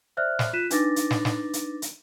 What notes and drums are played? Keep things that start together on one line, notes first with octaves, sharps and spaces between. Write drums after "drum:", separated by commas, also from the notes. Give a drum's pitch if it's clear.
C5 D5 E5 F6 F#6
drum: snare
F4 F#6 B6 D#7 E7
D4 D#4 B4 D6 A6 A#6, drum: hi-hat
drum: hi-hat
drum: snare
drum: snare
drum: hi-hat
drum: hi-hat